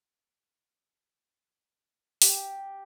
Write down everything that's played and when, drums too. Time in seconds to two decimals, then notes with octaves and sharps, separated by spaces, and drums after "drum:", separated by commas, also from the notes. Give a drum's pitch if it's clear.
2.22 G4, drum: open hi-hat